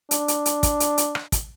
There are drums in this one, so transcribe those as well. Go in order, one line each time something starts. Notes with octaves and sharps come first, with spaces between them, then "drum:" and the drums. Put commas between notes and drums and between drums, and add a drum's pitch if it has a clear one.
D4, drum: hi-hat
drum: hi-hat
drum: hi-hat
drum: kick, hi-hat
drum: hi-hat
drum: hi-hat
drum: rim click
drum: kick, hi-hat